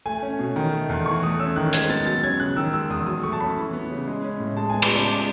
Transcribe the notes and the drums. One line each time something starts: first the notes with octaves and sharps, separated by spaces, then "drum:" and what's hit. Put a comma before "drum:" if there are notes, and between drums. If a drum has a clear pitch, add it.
A3 G#5
C#4
B2
D#3
A3
E2
E3 C#6
A3 D#6
C#4 E6
D#3 F#6
G#3 G#6, drum: hi-hat
B3 A6
F#3 A6
C#4 G#6
C#3 F#6
D#3 E6
G#3 E6
E2 D#6
F#3 D#6
A3 C#6
A5
C#4 B5
E3
B3
C#3
G#3
C#4
A2
G#3 A5
B3 G#5
B5, drum: cymbal
C#3 A5
G#3